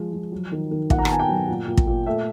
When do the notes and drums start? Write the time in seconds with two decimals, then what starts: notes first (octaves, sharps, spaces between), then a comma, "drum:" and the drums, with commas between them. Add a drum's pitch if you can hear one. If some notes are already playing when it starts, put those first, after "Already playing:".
Already playing: F3 G#3
0.13 F3
0.32 F#3
0.52 D#3
0.71 D#3
0.90 A#2 F#5, drum: kick
0.98 A#5
1.05 A5, drum: rim click
1.10 B3 G#5
1.19 G5
1.29 F#3
1.48 A#2
1.68 A#2
1.77 drum: kick
1.87 A#2
2.06 A3 E5